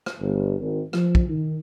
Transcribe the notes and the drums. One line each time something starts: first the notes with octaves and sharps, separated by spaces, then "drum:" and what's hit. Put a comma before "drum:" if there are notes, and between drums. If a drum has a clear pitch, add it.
drum: rim click
G1
G#1
F3, drum: rim click
drum: kick
D#3